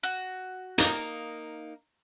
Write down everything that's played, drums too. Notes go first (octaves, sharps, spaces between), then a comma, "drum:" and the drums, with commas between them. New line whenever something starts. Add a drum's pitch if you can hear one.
F#4
A#3 D#4 A#5, drum: hi-hat